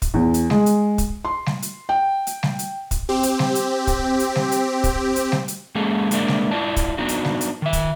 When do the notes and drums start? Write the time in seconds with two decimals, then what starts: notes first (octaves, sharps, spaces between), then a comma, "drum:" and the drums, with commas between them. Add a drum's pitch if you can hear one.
0.02 drum: kick, hi-hat
0.14 E2
0.34 drum: hi-hat
0.50 G#3, drum: snare G3
0.66 drum: hi-hat
0.98 drum: kick, hi-hat
1.25 C6
1.46 drum: snare G3
1.62 drum: hi-hat
1.89 G5
2.27 drum: hi-hat
2.43 drum: snare G3
2.59 drum: hi-hat
2.91 drum: kick, hi-hat
3.09 C4 G4
3.23 drum: hi-hat
3.39 drum: snare G3
3.55 drum: hi-hat
3.87 drum: kick, hi-hat
4.19 drum: hi-hat
4.35 drum: snare G3
4.52 drum: hi-hat
4.84 drum: kick, hi-hat
5.16 drum: hi-hat
5.32 drum: snare G3
5.48 drum: hi-hat
5.75 G#3 A#3 C#4 G#4 A4
6.11 G#3 A#3 D4 A#4 D5 E5, drum: hi-hat
6.28 drum: snare G3
6.51 E4 F4 D5 A5
6.76 drum: kick, hi-hat
6.98 B3 D4 D#4 F#4
7.09 drum: hi-hat
7.25 drum: snare G3
7.41 drum: hi-hat
7.62 D#3 E5
7.73 drum: kick, hi-hat